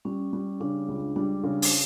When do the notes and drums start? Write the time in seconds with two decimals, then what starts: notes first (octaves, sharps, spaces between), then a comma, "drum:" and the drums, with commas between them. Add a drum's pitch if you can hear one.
0.05 G3 C#4
0.33 G3
0.60 C#3 D4
0.88 C#2
1.16 G3 D4
1.43 C#3
1.62 drum: open hi-hat